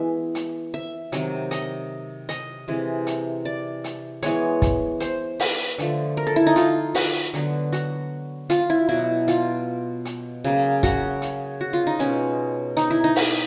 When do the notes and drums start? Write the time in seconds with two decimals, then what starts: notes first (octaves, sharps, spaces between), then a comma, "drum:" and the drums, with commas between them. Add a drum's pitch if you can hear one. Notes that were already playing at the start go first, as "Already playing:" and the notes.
Already playing: E3 G#3 B3 E5
0.35 drum: hi-hat
0.74 E5
1.12 C3 D#3 F#3, drum: hi-hat
1.51 D#5, drum: hi-hat
2.29 D#5, drum: hi-hat
2.68 C3 E3 G#3
3.07 drum: hi-hat
3.45 D5
3.84 drum: hi-hat
4.23 E3 G#3 B3 C#5, drum: hi-hat
4.62 drum: kick, hi-hat
5.00 C5, drum: hi-hat
5.40 B4, drum: open hi-hat
5.78 D3 F3 A3, drum: hi-hat
6.17 A#4
6.27 A4
6.36 E4
6.47 D#4
6.56 F4, drum: hi-hat
6.95 F#4, drum: open hi-hat
7.34 D3 F#3 B3, drum: hi-hat
7.73 F#4, drum: hi-hat
8.50 F4, drum: hi-hat
8.70 E4
8.89 B2 F#3 B3 E4
9.28 F4, drum: hi-hat
10.05 drum: hi-hat
10.44 C#3 F#3 A#3
10.83 F#4, drum: kick, hi-hat
11.22 drum: hi-hat
11.61 F#4
11.73 F4
11.87 D#4
11.99 B2 G#3 B3 C#4
12.77 D#4, drum: hi-hat
12.90 E4
13.04 D#4
13.16 drum: open hi-hat